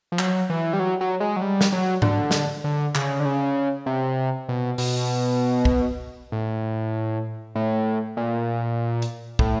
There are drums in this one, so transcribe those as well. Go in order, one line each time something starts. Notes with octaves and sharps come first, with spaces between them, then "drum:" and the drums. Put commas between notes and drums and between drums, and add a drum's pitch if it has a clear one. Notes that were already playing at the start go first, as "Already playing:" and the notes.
F3
F#3, drum: clap
E3
G3
F#3
F#3
G#3
F#3
G3
drum: snare
F#3
D3, drum: tom G#2
drum: snare
D3
C#3, drum: clap
D3
C#3
C3
B2
B2, drum: open hi-hat
drum: kick
A2
A2
A#2
drum: hi-hat
A2, drum: kick